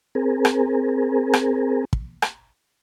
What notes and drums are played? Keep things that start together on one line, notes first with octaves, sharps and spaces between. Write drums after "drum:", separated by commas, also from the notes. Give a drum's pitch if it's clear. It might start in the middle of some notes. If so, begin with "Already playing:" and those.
C4 G#4 A#4
drum: rim click
drum: rim click
drum: kick
drum: rim click